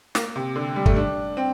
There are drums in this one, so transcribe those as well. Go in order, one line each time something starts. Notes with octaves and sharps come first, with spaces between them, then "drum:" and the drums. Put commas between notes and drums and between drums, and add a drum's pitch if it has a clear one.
A#3, drum: snare
C3
D3
G3
A3, drum: kick
D4
C4